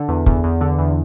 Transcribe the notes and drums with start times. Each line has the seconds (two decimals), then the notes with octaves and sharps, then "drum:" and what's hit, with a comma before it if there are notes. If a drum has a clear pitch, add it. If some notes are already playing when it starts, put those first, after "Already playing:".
Already playing: D3
0.08 E2
0.26 E2, drum: kick
0.44 E2
0.61 D3
0.79 E2